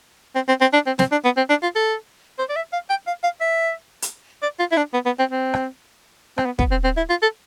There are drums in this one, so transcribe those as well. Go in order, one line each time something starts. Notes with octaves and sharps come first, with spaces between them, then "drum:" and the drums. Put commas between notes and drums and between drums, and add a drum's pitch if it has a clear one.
C4
C4
C4
D4
C4
C4, drum: snare
D4
B3
C4
D4
F4
A4
C5
D5
E5
F5
G5
F5
F5
E5
drum: hi-hat
D5
F4
E4
D4
B3
B3
C4
C4
drum: rim click
C4, drum: rim click
B3
B3, drum: kick
C4
C4
E4
F4
A4